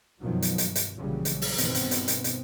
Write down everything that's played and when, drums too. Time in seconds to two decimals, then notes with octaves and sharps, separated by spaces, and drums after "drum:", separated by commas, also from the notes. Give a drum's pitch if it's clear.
0.21 F#2 B2 D#3 F3 F#3
0.42 drum: hi-hat
0.58 G2, drum: hi-hat
0.75 drum: hi-hat
1.00 A#1 C#3 E3 F#3 G3
1.25 drum: hi-hat
1.42 drum: open hi-hat
1.58 G2 B2 D#3 B3 C4, drum: hi-hat
1.75 drum: hi-hat
1.91 drum: hi-hat
2.08 drum: hi-hat
2.24 drum: hi-hat